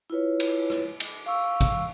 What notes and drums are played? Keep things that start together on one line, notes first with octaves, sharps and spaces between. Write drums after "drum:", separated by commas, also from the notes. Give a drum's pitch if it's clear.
E4 F4 B4 C#5
drum: cymbal
drum: rim click
drum: cymbal
F5 C#6 E6
drum: kick G#1, cymbal